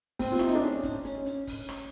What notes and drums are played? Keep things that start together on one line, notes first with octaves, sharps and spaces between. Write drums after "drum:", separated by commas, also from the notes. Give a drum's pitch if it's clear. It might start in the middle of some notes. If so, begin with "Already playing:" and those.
C4, drum: kick G1, open hi-hat
F4
E4, drum: rim click
D#4
D4
C#4
drum: kick G1, hi-hat
C#4, drum: hi-hat
drum: hi-hat
drum: kick G1, open hi-hat
drum: rim click